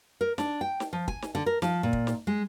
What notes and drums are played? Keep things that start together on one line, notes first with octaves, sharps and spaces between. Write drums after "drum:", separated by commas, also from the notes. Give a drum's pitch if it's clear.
A#4
D4, drum: snare
G5
drum: snare
F3
G#5, drum: kick
drum: snare
D3
A#4
F3, drum: snare
A#2
drum: kick
drum: snare
G#3